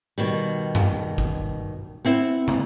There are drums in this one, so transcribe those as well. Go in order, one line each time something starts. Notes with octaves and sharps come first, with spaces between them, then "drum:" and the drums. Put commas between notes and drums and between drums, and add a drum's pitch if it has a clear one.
B2 D#3 G3
drum: tom F#2
drum: kick G1
B3 C4 E4
drum: tom